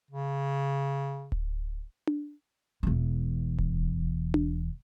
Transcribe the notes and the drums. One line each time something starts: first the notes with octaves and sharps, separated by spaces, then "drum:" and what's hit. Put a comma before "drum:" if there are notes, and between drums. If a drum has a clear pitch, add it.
C#3
drum: kick D1
drum: tom D4
E1 E3
drum: kick D1
drum: tom D4